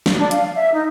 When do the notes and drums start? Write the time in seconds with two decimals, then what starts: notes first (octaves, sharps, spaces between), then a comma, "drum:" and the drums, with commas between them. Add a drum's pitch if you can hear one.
0.06 drum: snare
0.18 D4
0.31 F5, drum: hi-hat
0.55 E5
0.73 D#4